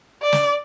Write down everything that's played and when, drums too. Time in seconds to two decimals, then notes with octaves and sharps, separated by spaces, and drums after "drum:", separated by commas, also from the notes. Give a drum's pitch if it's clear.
0.23 D5
0.33 drum: snare